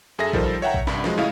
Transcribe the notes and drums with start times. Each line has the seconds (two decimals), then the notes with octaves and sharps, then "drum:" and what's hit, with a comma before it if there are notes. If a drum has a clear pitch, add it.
0.19 F#2 G#4 A4 E5 A#6
0.33 D#3 F3 G3 A4 A#4 C5, drum: kick A#1
0.62 C#5 E5 F#5 G5 A#5
0.74 drum: kick A#1
0.87 C2 G2 B5, drum: snare
1.04 F3 F#3 G#3, drum: snare
1.18 A2 C#3 E4 D#5 F5